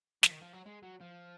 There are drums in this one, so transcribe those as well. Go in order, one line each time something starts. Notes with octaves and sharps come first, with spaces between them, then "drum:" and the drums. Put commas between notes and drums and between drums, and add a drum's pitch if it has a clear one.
F3, drum: snare
D#3
F3
F#3
G#3
F#3
F3